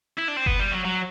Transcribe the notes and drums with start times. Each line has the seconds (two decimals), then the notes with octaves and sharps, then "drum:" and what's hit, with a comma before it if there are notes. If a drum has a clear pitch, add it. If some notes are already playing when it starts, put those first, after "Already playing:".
0.18 E4
0.28 D4
0.36 C4
0.46 B3, drum: kick F#1
0.59 G3
0.71 F#3
0.85 F#3